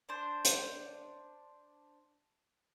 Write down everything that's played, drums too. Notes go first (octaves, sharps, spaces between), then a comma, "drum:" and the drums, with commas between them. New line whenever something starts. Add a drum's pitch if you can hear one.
D4 C5
drum: hi-hat